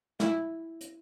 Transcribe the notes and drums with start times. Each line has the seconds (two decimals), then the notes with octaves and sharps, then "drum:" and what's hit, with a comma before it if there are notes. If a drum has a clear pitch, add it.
0.20 E4, drum: snare
0.81 drum: hi-hat